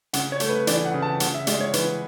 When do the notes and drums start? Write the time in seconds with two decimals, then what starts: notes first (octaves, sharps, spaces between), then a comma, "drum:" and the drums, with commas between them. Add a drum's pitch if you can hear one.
0.13 C#3 F#5, drum: hi-hat
0.32 C#5
0.40 A3, drum: hi-hat
0.49 B4
0.67 E3 D5, drum: hi-hat
0.85 F#5
0.94 C#3
1.02 A5
1.20 C#3 F#5, drum: hi-hat
1.34 E5
1.47 G#3 D5, drum: hi-hat
1.60 C#5
1.73 E3 B4, drum: hi-hat